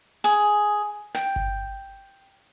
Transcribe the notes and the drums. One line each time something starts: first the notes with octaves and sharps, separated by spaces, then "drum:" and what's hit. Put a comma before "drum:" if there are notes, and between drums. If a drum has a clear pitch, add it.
G#4
G5, drum: snare
drum: kick G1